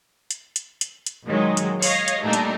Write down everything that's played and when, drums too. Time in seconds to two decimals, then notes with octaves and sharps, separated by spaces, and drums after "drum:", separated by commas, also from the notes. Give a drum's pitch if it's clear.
0.31 drum: hi-hat
0.56 drum: hi-hat
0.81 drum: hi-hat
1.06 drum: hi-hat
1.25 A#2 D#3 F#3 G#3
1.57 drum: hi-hat
1.82 C#5 D#5 F5, drum: open hi-hat
2.08 drum: hi-hat
2.24 A#2 G3 A3 D4 D#4
2.33 drum: hi-hat